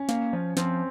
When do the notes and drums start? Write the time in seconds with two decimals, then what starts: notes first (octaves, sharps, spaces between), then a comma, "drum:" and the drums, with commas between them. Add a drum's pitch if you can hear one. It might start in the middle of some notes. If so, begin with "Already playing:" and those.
Already playing: C#4
0.09 A#3, drum: snare
0.33 F3
0.57 F3 C4, drum: snare